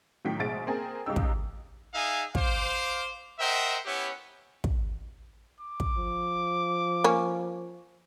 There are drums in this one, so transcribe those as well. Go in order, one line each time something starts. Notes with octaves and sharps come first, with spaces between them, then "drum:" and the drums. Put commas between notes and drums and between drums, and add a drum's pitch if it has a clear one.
A2 D#3 F#3 G5 B6
A#1 B2 G#3 A6 D7
A#3 C4 G#4 A#4
C#2 C#3 G3 D#4 G5 E6
drum: kick
D#4 G#4 E5 F5 G#5
C5 F5 D6, drum: kick
A#4 C5 D#5 E5 F#5 G5
B3 C#4 E4 G4 C#5 F#5
drum: kick
D6
drum: kick
F3
A#3 C#4